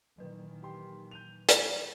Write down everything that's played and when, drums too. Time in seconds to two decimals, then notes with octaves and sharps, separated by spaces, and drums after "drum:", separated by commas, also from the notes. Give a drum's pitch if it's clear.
0.18 A#2 D#3 E3 F#3 B4
0.62 G4 C6
1.11 G6 D#7 F7
1.49 drum: hi-hat